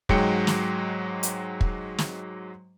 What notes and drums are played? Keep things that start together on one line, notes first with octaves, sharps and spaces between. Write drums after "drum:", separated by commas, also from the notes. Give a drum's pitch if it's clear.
G#2 F#3 G#3 G5 C#7, drum: kick
drum: snare
drum: hi-hat
drum: kick
drum: snare